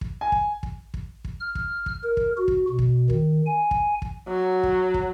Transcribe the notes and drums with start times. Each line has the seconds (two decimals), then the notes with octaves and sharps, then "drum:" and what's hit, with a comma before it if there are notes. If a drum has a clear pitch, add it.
0.01 drum: kick
0.21 G#5
0.32 drum: kick
0.63 drum: kick
0.94 drum: kick
1.25 drum: kick
1.40 F6
1.55 drum: kick
1.86 drum: kick
2.03 A#4
2.17 drum: kick
2.37 F#4
2.48 drum: kick
2.69 B2
2.79 drum: kick
3.10 D#3, drum: kick
3.46 G#5
3.71 drum: kick
4.02 drum: kick
4.28 F#3
4.63 drum: kick
4.94 drum: kick